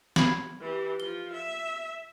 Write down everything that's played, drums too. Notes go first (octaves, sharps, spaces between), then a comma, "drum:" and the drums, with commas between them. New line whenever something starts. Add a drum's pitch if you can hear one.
B5 G#6 C7, drum: snare
E3 G4
F3 F4 G7
E5